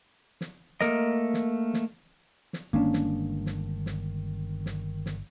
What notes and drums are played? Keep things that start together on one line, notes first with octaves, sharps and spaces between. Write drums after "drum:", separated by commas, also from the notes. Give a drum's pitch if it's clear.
drum: snare
A3 A#3 A#4 D#5, drum: snare
drum: snare
drum: snare
drum: snare
G1 D#3 G#3 A#3 C#4 D4
drum: snare
drum: snare
drum: snare
drum: snare
drum: snare